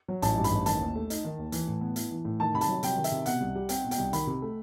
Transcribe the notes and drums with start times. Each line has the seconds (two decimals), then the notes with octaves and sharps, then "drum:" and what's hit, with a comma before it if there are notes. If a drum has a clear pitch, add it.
0.08 F#3
0.22 A1 A5, drum: hi-hat
0.38 G2
0.44 B5, drum: hi-hat
0.51 A1
0.66 D#3 A5, drum: hi-hat
0.81 D#2
0.96 A3
1.10 D#4, drum: hi-hat
1.25 D#3
1.39 D#2
1.52 E3, drum: hi-hat
1.68 A2
1.81 B3
1.96 E4, drum: hi-hat
2.11 E3
2.25 A2
2.40 D#3 A5
2.54 C3 B5
2.61 A5, drum: hi-hat
2.69 F#3
2.83 C3 G5, drum: hi-hat
2.97 D#3
3.04 E5, drum: hi-hat
3.12 C3
3.26 B2 F#5, drum: hi-hat
3.40 C2
3.56 G3
3.69 C4 G5, drum: hi-hat
3.85 B2
3.91 G5, drum: hi-hat
3.98 C2
4.13 D#3 B5, drum: hi-hat
4.27 C3
4.42 A3